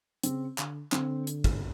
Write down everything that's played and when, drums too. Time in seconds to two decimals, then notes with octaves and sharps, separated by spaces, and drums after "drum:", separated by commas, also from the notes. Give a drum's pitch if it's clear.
0.23 C#3 C4, drum: hi-hat
0.58 D3, drum: clap
0.92 D3 C4, drum: clap
1.27 drum: hi-hat
1.44 drum: kick